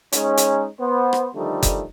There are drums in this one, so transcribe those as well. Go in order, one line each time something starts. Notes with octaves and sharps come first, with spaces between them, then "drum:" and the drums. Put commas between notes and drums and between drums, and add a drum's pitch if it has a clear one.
G#3 C#4 D#4, drum: hi-hat
drum: hi-hat
B3 C5
drum: rim click
D3 D#3 F3 G3 A3 D#4
drum: kick F#1, hi-hat